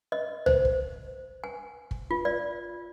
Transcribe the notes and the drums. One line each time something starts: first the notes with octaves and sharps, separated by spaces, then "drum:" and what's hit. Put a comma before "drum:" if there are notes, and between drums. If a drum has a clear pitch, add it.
D#5
C5, drum: tom C2
drum: kick
G#5
drum: kick
F4
D5